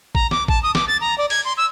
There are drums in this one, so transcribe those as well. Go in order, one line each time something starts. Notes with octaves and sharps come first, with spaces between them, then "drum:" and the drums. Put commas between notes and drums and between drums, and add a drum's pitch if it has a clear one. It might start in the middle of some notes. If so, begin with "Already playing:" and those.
A#5, drum: kick A1
D6, drum: snare
A5, drum: kick A1
D#6
D6, drum: snare
A6
A#5
D5
G#6, drum: open hi-hat
C6
E6